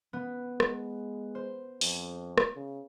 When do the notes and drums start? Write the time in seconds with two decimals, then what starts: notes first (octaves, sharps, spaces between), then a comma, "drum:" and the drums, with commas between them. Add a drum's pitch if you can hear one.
0.13 B3
0.60 G#3, drum: rim click
1.35 C5
1.81 F2, drum: open hi-hat
2.38 drum: rim click
2.55 C#3